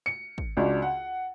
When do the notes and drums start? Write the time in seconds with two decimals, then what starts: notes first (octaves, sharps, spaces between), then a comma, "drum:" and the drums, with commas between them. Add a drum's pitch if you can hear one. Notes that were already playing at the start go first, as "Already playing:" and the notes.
0.06 C#7
0.38 drum: kick
0.57 C#2 D4 F#4
0.82 F#5